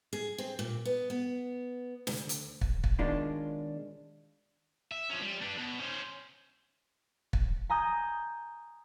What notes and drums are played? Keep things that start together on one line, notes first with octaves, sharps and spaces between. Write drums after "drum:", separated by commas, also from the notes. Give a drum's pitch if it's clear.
G#4
C4
A#2
B3
B3
D2, drum: snare
drum: hi-hat
drum: kick
drum: kick
B2 D#3 G#3 C#4 D4 F4
E5
F3 C#4
G3
D4 B4
B2
C#4 C5
drum: kick
G#5 A#5 D#6 G6